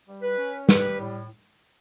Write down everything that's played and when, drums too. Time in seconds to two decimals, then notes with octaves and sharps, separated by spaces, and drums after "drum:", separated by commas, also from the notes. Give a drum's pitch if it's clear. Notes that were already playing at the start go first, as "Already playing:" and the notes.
0.08 G3
0.22 B4
0.38 C#4
0.69 G3 B4, drum: snare
1.00 A2